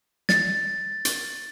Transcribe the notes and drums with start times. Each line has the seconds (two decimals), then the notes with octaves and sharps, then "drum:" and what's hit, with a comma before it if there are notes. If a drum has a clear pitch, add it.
0.29 A6, drum: snare
1.05 drum: hi-hat